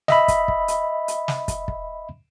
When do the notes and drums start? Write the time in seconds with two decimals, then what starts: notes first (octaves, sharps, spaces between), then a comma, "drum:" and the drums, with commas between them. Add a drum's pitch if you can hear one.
0.08 D#5 E5 B5, drum: snare
0.28 drum: kick, hi-hat
0.48 drum: kick
0.68 drum: hi-hat
1.08 drum: hi-hat
1.28 drum: snare
1.48 drum: kick, hi-hat
1.68 drum: kick